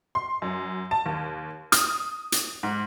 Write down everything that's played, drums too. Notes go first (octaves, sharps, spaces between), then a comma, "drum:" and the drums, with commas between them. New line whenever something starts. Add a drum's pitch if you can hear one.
C6
F#2
A5
D#2
D#6, drum: hi-hat
drum: hi-hat
G#2